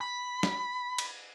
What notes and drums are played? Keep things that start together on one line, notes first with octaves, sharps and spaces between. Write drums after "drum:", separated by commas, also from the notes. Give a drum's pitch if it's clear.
B5
drum: snare
drum: cymbal